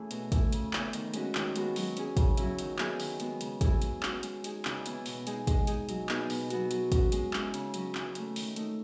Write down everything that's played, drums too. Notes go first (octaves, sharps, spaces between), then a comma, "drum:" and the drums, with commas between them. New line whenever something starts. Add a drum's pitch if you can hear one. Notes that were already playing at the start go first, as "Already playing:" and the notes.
Already playing: E3 A3 C#4 E4 G#4
B2, drum: hi-hat
A3 E4, drum: kick, hi-hat
C#3, drum: hi-hat
E3 B3, drum: clap
D#3, drum: hi-hat
G#3 C#4 F#4, drum: hi-hat
D#3, drum: clap
G#3 B3 F#4, drum: hi-hat
F#3, drum: open hi-hat
C#4 G#4, drum: hi-hat
C#3, drum: kick, hi-hat
F#3 C#4 E4, drum: hi-hat
D#3, drum: hi-hat
F#3 B3 E4 G#4, drum: clap
D#3, drum: open hi-hat
G#3 B3 F#4, drum: hi-hat
C#3, drum: hi-hat
F#3 B3 E4 G#4, drum: kick, hi-hat
G#3, drum: hi-hat
C#4 F#4, drum: clap
G#3, drum: hi-hat
D#4 G#4, drum: hi-hat
C#3, drum: clap
E3 B3 E4, drum: hi-hat
B2, drum: open hi-hat
G#3 D#4 G#4, drum: hi-hat
G#3, drum: kick, hi-hat
D#4 G#4, drum: hi-hat
F#3, drum: hi-hat
B3 D#4 G#4, drum: clap
B2, drum: open hi-hat
F#3 B3 F#4, drum: hi-hat
F#3, drum: hi-hat
C#4 F#4, drum: kick, hi-hat
G#3, drum: hi-hat
C#4 E4 G#4, drum: clap
C#3, drum: hi-hat
F#3 C#4, drum: hi-hat
E3, drum: clap
A3 C#4, drum: hi-hat
D#3, drum: open hi-hat
A3 D#4, drum: hi-hat